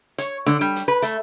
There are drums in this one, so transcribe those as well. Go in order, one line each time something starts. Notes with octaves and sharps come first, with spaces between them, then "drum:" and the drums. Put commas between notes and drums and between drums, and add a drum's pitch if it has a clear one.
C#5, drum: hi-hat
D3, drum: snare D4
G3
drum: hi-hat
B4
A3, drum: hi-hat